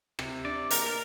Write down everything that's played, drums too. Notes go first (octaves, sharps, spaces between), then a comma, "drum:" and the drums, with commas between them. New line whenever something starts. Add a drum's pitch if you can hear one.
C3, drum: rim click
D4 D5
A#3 A#4, drum: hi-hat
A#4